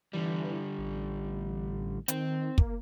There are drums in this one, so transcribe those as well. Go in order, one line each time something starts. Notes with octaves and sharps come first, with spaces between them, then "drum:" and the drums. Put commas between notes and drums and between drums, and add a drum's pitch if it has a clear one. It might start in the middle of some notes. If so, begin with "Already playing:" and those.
D3 E3 G3
A1
D#3 C4, drum: hi-hat
A#3, drum: kick